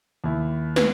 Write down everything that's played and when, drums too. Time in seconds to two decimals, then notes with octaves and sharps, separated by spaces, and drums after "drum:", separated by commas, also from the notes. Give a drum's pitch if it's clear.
0.24 D#2 E4
0.76 B4, drum: snare